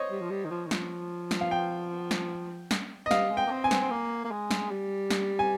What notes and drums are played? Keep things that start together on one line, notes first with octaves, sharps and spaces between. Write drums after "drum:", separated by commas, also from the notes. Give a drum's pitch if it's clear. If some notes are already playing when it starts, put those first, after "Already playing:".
Already playing: C5 C#5 D#5
G3
F3
G3
D#3
F3
D#3
F3, drum: snare
drum: snare
F5
G5
drum: snare
drum: snare
D#5
G3 F5, drum: snare
G#3
G5
A#3
C4
G#5
C4, drum: snare
C4
A#3
A#3
G#3
drum: snare
G3
drum: snare
G#5